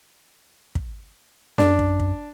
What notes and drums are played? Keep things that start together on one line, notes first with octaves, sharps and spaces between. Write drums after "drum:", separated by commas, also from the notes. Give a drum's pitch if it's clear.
drum: kick
F#2 D4, drum: snare
drum: kick
drum: kick